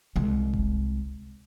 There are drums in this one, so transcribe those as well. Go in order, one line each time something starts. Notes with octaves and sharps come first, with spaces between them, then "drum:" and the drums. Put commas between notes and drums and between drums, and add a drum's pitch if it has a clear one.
C2 G#3
drum: kick F1